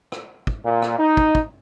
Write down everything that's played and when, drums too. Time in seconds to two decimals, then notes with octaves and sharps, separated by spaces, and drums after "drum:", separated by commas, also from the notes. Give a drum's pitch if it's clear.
0.12 drum: rim click
0.47 drum: kick
0.65 A#2
0.82 drum: rim click
0.99 D#4
1.17 drum: kick
1.35 drum: kick